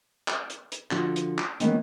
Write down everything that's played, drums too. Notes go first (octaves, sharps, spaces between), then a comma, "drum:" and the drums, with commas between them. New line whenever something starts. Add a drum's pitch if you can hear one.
drum: clap
drum: hi-hat
drum: hi-hat
D3 F3 F#4, drum: clap
drum: hi-hat
drum: clap
D#3 E3 G#3 A#3 B3 C#4, drum: hi-hat